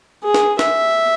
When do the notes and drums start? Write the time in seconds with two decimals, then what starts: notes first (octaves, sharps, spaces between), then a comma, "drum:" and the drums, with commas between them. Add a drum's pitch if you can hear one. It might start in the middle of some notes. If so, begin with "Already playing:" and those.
0.24 G#4
0.34 drum: snare
0.59 E5, drum: snare